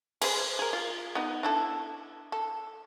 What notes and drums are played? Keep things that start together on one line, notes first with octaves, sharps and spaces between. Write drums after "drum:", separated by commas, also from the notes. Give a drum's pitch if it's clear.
G#4 B4 C5, drum: cymbal
G#4 A#4
F4
B3 D#4
D4 E4 A4
A4